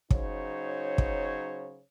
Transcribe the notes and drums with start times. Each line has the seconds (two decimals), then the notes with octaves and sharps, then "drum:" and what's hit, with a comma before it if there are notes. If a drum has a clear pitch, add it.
0.11 C#3 F#3 D#4 C5 C#5, drum: kick
0.98 drum: kick